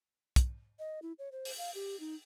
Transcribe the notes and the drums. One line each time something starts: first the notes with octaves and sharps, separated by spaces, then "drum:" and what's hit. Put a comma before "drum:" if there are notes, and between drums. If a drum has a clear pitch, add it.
drum: kick, hi-hat
D#5
E4
C#5
C5
drum: open hi-hat
F5
G4
D#4